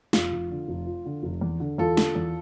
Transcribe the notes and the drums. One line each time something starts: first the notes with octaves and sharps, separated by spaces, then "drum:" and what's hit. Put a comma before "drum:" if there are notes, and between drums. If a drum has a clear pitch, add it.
F1 F4, drum: snare
F1
D3
F1
F3
D3
F1
E2
D3
E2 F4 A4
D3, drum: snare
E2